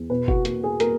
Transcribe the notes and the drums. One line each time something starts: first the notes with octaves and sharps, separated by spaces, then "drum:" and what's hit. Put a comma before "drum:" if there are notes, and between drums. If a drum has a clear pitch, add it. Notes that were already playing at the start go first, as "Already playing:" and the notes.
Already playing: E2
B2 B4
F#4, drum: kick
A#3 F#4, drum: hi-hat
G#4
A#3 A#4, drum: hi-hat